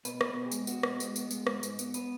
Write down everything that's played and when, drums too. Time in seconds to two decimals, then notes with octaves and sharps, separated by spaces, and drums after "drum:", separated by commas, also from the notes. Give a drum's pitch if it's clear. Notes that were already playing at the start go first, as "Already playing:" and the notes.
0.05 B2 B4, drum: tambourine
0.21 B3, drum: rim click
0.26 B4
0.36 B2
0.46 G#4
0.52 G#3, drum: tambourine
0.67 B3 F#4, drum: tambourine
0.83 B2, drum: rim click
1.00 G#3, drum: tambourine
1.16 B3, drum: tambourine
1.31 G#3, drum: tambourine
1.47 G#2, drum: rim click
1.63 G#2, drum: tambourine
1.79 B3, drum: tambourine
1.94 B3 B4, drum: tambourine